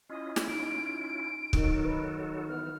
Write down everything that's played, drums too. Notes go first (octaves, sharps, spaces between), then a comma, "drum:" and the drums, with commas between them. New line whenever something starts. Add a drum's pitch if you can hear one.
C#4 E4 F4 D#5
drum: snare
D#4 D7
D#3 F#3 D#4 F#4 A4 A#4, drum: kick
B4
E3 B3 F6